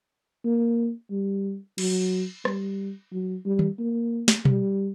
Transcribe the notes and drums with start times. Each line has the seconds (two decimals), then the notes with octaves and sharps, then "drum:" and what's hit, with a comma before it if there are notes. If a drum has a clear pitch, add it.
0.44 A#3
1.11 G3
1.78 F#3, drum: cymbal
2.45 G3, drum: rim click
3.12 F#3
3.46 G3
3.59 drum: tom
3.79 A#3
4.28 drum: snare
4.45 G3, drum: tom B2